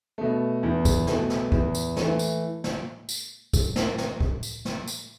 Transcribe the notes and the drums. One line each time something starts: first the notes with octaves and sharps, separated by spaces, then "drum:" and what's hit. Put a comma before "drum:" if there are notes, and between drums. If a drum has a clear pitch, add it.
B2 A3
E2
drum: kick, tambourine
B2 A3, drum: snare
drum: snare
E2, drum: kick
drum: tambourine
E3 A3, drum: snare
drum: tambourine
drum: snare
drum: tambourine
drum: kick, tambourine
drum: snare
drum: snare
drum: kick
drum: tambourine
drum: snare
drum: tambourine